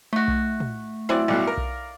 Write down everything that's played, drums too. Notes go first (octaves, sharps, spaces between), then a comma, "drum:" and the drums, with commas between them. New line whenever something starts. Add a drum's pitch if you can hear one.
A3 D#4 F#4
drum: kick B1
drum: tom
F#3 C4 E4 C5 D5 F#5 G#5
B1 G2 B2 D5 F5
A#4
drum: kick B1